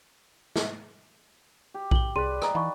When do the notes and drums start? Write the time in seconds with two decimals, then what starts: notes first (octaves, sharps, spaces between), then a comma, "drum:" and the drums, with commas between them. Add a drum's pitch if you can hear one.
0.56 drum: snare
1.74 G4
1.91 F#7 G7, drum: kick A#1
2.16 C2 G#4 B4 D5 C6 D#7
2.42 D#5 A#5 D#6, drum: rim click
2.55 E3 D#4 D#5 F5 B5 C#6